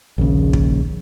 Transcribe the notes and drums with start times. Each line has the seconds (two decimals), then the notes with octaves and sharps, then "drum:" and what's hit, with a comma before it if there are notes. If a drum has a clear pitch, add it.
0.18 A#1 D#2 C#3
0.53 drum: kick